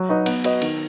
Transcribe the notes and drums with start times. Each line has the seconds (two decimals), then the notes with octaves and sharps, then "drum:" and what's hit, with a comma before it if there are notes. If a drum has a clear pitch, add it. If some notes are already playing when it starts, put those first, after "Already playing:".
Already playing: F#3
0.09 D#4 F#4 B4 D#5
0.26 B3, drum: cymbal
0.44 F#4 B4 D#5, drum: cymbal
0.62 D#3, drum: cymbal